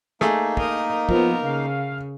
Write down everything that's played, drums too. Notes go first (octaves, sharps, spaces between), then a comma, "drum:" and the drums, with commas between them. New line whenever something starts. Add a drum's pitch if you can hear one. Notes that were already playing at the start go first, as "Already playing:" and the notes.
A3 A#3 D#4 G#4, drum: snare
A#4 D#5, drum: kick
F3 B3 A#4, drum: kick
C#3 F5